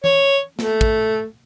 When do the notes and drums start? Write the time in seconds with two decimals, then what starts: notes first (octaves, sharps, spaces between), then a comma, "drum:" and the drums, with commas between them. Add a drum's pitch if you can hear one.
0.04 C#5, drum: tom E3
0.59 A3, drum: snare
0.81 drum: kick